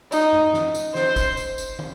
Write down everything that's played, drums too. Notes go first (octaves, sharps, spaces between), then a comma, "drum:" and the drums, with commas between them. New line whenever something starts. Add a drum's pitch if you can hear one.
D#4, drum: tambourine
drum: tom F#2
drum: snare
drum: tambourine
C5, drum: snare
drum: kick, tambourine
drum: tambourine
drum: tambourine
drum: tom